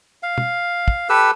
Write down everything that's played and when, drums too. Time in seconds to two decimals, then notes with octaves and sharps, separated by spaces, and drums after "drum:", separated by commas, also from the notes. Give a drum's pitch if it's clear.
0.23 F5
0.38 drum: tom
0.88 drum: kick
1.09 G4 A4 B4 E6